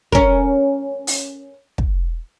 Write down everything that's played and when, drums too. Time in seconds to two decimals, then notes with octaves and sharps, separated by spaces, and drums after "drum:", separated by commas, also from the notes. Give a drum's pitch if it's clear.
0.12 C#4 A#4, drum: kick
1.07 drum: open hi-hat
1.78 drum: kick